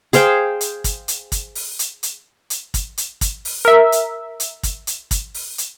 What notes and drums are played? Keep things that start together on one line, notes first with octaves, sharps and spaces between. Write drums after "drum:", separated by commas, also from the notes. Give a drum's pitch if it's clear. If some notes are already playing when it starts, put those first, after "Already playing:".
G#4 C5 F5 G5, drum: hi-hat
drum: hi-hat
drum: kick, hi-hat
drum: hi-hat
drum: kick, hi-hat
drum: open hi-hat
drum: hi-hat
drum: hi-hat
drum: hi-hat
drum: kick, hi-hat
drum: hi-hat
drum: kick, hi-hat
drum: open hi-hat
A#4 E5
drum: hi-hat
drum: hi-hat
drum: kick, hi-hat
drum: hi-hat
drum: kick, hi-hat
drum: open hi-hat
drum: hi-hat